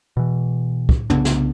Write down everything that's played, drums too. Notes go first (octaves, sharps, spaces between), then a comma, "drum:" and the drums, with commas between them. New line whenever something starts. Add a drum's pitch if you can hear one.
B2 E3
drum: kick
C2 C#3 B3 D4, drum: tom
drum: snare